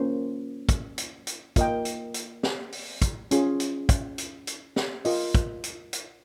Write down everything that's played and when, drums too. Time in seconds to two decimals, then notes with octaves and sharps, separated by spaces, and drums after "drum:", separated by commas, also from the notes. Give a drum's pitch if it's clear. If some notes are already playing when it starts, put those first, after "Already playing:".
Already playing: A#3 C#4 F4 C5
0.69 drum: kick, hi-hat
0.98 drum: hi-hat
1.27 drum: hi-hat
1.56 A#3 F4 A#4 D#5 G5, drum: kick, hi-hat
1.85 drum: hi-hat
2.14 drum: hi-hat
2.43 drum: snare
2.72 drum: open hi-hat
3.02 drum: kick, hi-hat
3.31 C#4 F4 G#4, drum: hi-hat
3.60 drum: hi-hat
3.89 drum: kick, hi-hat
4.18 drum: hi-hat
4.47 drum: hi-hat
4.76 drum: snare
5.05 F4 A#4 D#5, drum: open hi-hat
5.35 drum: kick, hi-hat
5.64 drum: hi-hat
5.93 drum: hi-hat